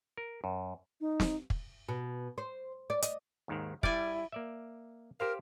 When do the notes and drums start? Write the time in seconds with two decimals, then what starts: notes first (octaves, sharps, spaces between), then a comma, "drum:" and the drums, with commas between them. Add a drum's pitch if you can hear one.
0.17 A#4
0.44 F#2
1.01 D#4
1.20 drum: snare
1.50 drum: kick
1.89 B2
2.38 C5
2.90 D5
3.02 D#5, drum: hi-hat
3.48 D#2 G#2 D#3
3.83 G3 E4 D5 G#5, drum: kick
4.32 A#3 D5 E5
5.20 G4 A#4 C5 F5